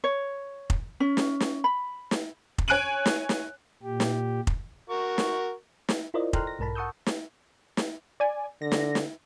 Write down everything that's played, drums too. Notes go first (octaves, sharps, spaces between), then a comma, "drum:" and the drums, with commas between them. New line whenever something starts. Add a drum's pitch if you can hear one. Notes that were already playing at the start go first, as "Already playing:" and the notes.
C#5
drum: kick F1
C#4
drum: snare
drum: snare
B5
drum: snare
drum: kick F1
C#5 G#5 F#6 D7 D#7 F#7
drum: snare
drum: snare
A#2 G4
drum: snare
drum: kick F1
F#4 A#4 C#6
drum: snare
drum: snare
E4 F4 A#4 C5 D5 D#5
A4 G5 A#5 C6 F6 F#6, drum: kick F1
A#6
B1 G#2 A#4 A5 B5
F#5 A5 C#6 D#6 E6 G6
drum: snare
drum: snare
D5 G#5
D3 A#6
drum: snare
drum: snare